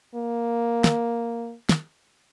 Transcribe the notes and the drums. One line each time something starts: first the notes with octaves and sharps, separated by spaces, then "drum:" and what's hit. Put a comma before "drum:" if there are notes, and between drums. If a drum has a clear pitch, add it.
A#3
drum: snare
drum: snare